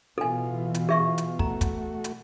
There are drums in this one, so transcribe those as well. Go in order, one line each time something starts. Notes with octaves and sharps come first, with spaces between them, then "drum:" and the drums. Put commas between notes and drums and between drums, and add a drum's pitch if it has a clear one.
B2 E3 F4 A4 G#5
drum: hi-hat
G#4 E5 C#6
drum: hi-hat
A3 F#4 A#5, drum: kick
drum: kick, hi-hat
drum: hi-hat